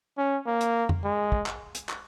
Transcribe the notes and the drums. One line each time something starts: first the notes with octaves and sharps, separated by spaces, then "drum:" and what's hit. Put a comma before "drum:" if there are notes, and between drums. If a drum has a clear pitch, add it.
C#4
A#3
drum: hi-hat
drum: tom F2
G#3
drum: kick
drum: clap
drum: hi-hat
drum: clap